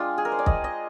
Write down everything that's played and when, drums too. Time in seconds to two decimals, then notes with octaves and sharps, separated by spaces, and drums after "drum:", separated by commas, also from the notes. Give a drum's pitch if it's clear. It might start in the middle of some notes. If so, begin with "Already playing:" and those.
Already playing: G#3 D4 F4 G5
0.18 G#4
0.25 A#4
0.32 C5
0.39 D5
0.46 D#5, drum: kick
0.64 D#5